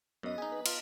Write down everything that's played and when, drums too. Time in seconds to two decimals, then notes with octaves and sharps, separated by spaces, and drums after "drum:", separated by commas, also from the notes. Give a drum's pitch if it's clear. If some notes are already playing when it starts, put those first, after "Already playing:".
0.23 F#2 B3 D#5
0.38 D#4 G#4
0.52 B4
0.66 F4, drum: cymbal